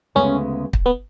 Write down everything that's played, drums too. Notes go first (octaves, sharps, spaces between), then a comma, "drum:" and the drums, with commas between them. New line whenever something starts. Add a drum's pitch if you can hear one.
D2 C#3 G#3 B3 C#4
drum: kick
B3